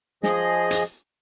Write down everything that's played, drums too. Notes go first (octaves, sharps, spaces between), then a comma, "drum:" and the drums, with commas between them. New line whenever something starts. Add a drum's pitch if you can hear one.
F3 G#4 D#5, drum: snare
drum: hi-hat